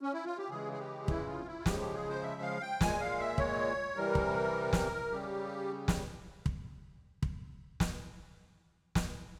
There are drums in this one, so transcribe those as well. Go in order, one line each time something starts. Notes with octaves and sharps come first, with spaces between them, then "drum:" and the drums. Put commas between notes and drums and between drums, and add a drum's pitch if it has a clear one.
C#4
E4
F4
G4
C#3 E3 G#3 G#4
G#4
G4
E4, drum: kick
F4
E4
F4
C#3 F3 G#3 G4, drum: snare
G4
G#4
C5
E5
F5
G5
A#2 G#3 G#5, drum: snare
F5
E5
C#5, drum: kick
C3 E3 G3 A#4
drum: kick
drum: snare
C#3 G3 G4
drum: snare
drum: kick
drum: kick
drum: snare
drum: snare